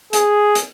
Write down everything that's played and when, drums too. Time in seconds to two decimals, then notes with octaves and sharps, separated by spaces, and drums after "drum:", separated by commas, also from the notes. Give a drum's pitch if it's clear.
0.13 G#4, drum: hi-hat
0.55 drum: hi-hat